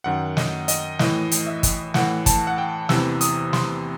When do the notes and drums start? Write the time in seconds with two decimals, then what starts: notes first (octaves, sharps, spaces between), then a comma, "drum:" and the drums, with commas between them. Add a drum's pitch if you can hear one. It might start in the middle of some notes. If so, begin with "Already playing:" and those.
0.04 F#2 D#3 F#5
0.37 D#5, drum: snare
0.68 D#5, drum: hi-hat
0.99 A2 E3 D#5, drum: snare
1.31 drum: hi-hat
1.47 E5
1.63 drum: kick, hi-hat
1.94 A2 E3 F#5, drum: snare
2.26 A5, drum: kick, hi-hat
2.47 F#5
2.58 G5
2.89 E2 C3 E3 E6, drum: snare
3.21 D#6, drum: hi-hat
3.53 C6, drum: snare